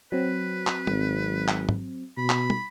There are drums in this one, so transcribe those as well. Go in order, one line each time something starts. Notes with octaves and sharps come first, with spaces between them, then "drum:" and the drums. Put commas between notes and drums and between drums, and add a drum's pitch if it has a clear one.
F#3 C4 B4
drum: clap
G#1, drum: tom
drum: clap
drum: tom
B2 B5
drum: clap
drum: tom